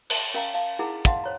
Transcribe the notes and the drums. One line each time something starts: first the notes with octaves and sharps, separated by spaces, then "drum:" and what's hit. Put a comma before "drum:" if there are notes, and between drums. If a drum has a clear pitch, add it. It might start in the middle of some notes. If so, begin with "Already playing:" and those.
A#4 C5 E5 A5, drum: cymbal
C#4 A#4 F5 A5 A#5
F5 A5
D#4 E4 G#4 A#4 F#5
D#5 F5 F#5 A5 C6, drum: kick
C5 C#5 A#5